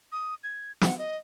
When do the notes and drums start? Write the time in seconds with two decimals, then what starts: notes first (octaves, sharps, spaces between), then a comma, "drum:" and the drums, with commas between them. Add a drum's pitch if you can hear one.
0.12 D#6
0.44 G#6
0.81 F#5, drum: snare
0.98 D#5